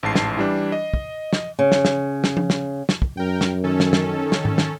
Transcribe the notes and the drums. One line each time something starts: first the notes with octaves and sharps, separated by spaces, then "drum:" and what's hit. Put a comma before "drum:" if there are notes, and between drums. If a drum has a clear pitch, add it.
A1 G#2 A5 C7
drum: snare
E3 G3 D4
D#5
drum: kick
drum: snare
C#3
drum: snare
drum: snare
drum: snare
drum: tom F3
drum: snare
drum: snare
drum: kick
F#2 A#4 G5
drum: snare
D#3 C#4 A4
drum: snare
drum: snare
drum: snare
drum: tom G#2
drum: snare